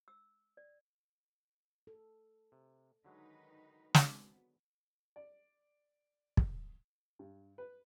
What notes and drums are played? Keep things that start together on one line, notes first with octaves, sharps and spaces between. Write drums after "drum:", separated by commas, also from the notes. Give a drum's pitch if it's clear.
E6
D5
A4
C3
D3 D#3 F#3 G#3 D#4 B4
B3 C4 F#4, drum: snare
D5
drum: kick
G2
B4